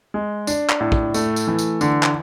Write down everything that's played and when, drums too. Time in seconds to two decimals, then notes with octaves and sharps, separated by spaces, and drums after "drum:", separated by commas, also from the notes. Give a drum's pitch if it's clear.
0.14 G#3
0.47 D4, drum: tambourine
0.70 drum: clap
0.80 A2
0.92 drum: kick
1.14 A3, drum: tambourine
1.36 drum: tambourine
1.48 E3
1.59 drum: tambourine
1.81 D3, drum: tambourine
2.03 drum: clap